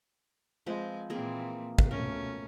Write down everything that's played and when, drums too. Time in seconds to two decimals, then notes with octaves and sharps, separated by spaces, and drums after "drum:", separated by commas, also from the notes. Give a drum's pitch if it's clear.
0.66 F3 G#3 C4 B4
1.10 A#2 E3 A#3 C4 G#4
1.79 drum: kick
1.91 B2 A3 C#4 A#4